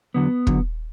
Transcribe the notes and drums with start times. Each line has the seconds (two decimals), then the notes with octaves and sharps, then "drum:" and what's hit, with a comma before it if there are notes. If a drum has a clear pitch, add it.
0.14 E2 D3 F#3 B3
0.47 E2 D3 F#3, drum: kick